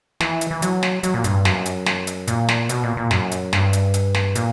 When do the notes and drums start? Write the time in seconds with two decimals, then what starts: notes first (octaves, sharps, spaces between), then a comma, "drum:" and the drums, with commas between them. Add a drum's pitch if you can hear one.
0.20 E3, drum: snare
0.41 drum: hi-hat
0.51 E3
0.62 F#3, drum: hi-hat
0.83 drum: snare
1.03 F#3, drum: hi-hat
1.14 A#2
1.24 G2, drum: hi-hat
1.45 F#2, drum: snare
1.66 drum: hi-hat
1.86 drum: snare
2.07 drum: hi-hat
2.27 A#2, drum: hi-hat
2.49 drum: snare
2.69 B2, drum: hi-hat
2.83 A#2
2.97 A#2
3.11 F#2, drum: snare
3.31 drum: hi-hat
3.53 G2, drum: snare
3.73 drum: hi-hat
3.94 drum: hi-hat
4.14 drum: snare
4.35 A#2, drum: hi-hat